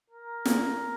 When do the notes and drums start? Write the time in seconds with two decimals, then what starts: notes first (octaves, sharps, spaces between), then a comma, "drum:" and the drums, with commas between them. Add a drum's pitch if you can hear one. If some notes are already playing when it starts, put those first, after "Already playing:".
0.10 A#4
0.45 drum: snare